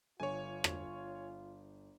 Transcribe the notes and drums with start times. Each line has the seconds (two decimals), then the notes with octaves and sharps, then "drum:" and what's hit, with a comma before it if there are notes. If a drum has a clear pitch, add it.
0.20 G1 F4 C#5 G#5
0.64 drum: rim click